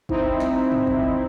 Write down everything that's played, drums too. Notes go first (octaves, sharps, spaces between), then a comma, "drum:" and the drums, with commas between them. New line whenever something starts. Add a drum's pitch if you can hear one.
C4 D#4 E4, drum: kick
drum: snare
drum: tom G#2
drum: kick
drum: tom B2